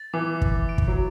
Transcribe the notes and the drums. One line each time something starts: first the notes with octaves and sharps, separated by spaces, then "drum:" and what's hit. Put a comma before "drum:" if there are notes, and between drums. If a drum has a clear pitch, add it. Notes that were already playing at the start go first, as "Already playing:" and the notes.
Already playing: A6
E3 D6
D6, drum: kick
D7
drum: kick
F#3